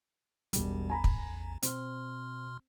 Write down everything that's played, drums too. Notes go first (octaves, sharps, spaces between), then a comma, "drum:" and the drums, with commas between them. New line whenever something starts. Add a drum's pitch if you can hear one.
E1 A1 E2 G3, drum: hi-hat
G#5 A#5 B5
drum: kick
B2 C4 C6 F6, drum: hi-hat